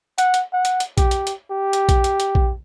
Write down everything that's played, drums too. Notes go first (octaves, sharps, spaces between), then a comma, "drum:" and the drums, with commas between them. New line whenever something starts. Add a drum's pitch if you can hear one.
F#5, drum: hi-hat
drum: hi-hat
F#5
drum: hi-hat
drum: hi-hat
G4, drum: kick A#1, hi-hat
drum: hi-hat
drum: hi-hat
G4
drum: hi-hat
drum: kick A#1, hi-hat
drum: hi-hat
drum: hi-hat
drum: kick A#1